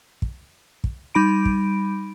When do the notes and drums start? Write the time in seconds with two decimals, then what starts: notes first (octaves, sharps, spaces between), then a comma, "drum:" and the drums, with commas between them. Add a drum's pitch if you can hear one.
0.22 drum: kick
0.84 drum: kick
1.15 G3 D#4 B5 D7
1.45 drum: kick